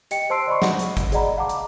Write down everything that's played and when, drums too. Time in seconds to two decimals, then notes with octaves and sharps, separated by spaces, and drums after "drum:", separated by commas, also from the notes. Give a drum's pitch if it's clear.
0.11 G4 D#5 G5 C#7, drum: hi-hat
0.30 C5 A5 C6 E6 C7 D7
0.47 D5 D#5 B5 C#6
0.62 F#5, drum: snare
0.79 drum: hi-hat
0.97 drum: kick G#1, hi-hat
1.12 G#4 D5 D#5 F#5 A#5 B5, drum: hi-hat
1.37 F5 F#5 A5 A#5 D6
1.49 drum: hi-hat